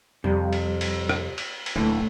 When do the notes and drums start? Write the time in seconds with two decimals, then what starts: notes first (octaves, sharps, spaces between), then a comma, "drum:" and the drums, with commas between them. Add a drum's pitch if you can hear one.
0.24 F2 C3 G3
0.53 drum: cymbal
0.81 drum: cymbal
1.09 drum: rim click
1.38 drum: cymbal
1.66 drum: cymbal
1.76 D1 A#2 D3 E3 A3